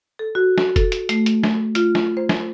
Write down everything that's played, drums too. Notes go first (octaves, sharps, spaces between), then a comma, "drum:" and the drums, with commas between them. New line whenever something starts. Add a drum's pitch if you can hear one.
A4
F#4
drum: snare
A4, drum: kick, hi-hat
drum: hi-hat
A3, drum: hi-hat
drum: hi-hat
drum: snare
F4, drum: hi-hat
drum: snare
C5
drum: snare